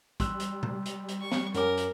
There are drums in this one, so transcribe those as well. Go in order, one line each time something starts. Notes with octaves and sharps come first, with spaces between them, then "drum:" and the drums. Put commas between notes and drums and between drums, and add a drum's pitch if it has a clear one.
G3 C6 E6 F#6, drum: kick, hi-hat
drum: hi-hat
drum: tom C3
drum: hi-hat
drum: hi-hat
C#6
drum: snare
F#2 C#4 A#4 D6, drum: hi-hat
drum: hi-hat